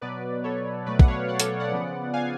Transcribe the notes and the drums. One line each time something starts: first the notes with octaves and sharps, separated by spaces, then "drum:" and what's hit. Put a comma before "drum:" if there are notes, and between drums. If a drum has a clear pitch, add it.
B2 F#3 B3 B4 D5
A4 C#5
B2 F#3 A3 B4 D5
F#5, drum: kick
C#5 F5
D5 F#5
A4 C#5, drum: hi-hat
A4 C#5
D5 F#5
C#3 F3 B3
F5 G#5